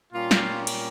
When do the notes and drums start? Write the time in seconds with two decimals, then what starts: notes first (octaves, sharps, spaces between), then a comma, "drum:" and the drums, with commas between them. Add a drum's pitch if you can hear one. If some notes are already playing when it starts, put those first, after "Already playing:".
0.13 A#2 G3 A#3 C#4 F4
0.31 drum: snare
0.67 drum: cymbal